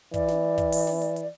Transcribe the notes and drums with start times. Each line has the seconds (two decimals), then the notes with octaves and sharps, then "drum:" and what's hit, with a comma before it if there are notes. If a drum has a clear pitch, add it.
0.14 E3 D5, drum: kick, hi-hat
0.28 drum: snare
0.58 drum: kick, hi-hat
0.72 drum: open hi-hat
0.87 drum: snare
1.02 drum: hi-hat
1.16 drum: hi-hat